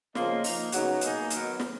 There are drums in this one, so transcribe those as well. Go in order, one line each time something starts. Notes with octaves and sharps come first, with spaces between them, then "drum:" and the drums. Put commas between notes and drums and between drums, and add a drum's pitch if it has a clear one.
C#3 F3 A#3 F4 D#5, drum: snare
F3 A#3 D#4, drum: open hi-hat
C#3 F#3 B3 D#4 F#4, drum: hi-hat
B2 A#3 D#4 G#4, drum: hi-hat
D#3 F#3 B3 A#4, drum: hi-hat
drum: snare